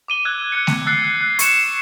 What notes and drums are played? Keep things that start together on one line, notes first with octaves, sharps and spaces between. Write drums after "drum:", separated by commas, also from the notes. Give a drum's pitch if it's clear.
D6 D#7 G7
E6 F#6 G#6
F#6 G#6 C#7
drum: snare A3
E6 F#6 A6 C7
F#6
C#6 C7 C#7 E7, drum: hi-hat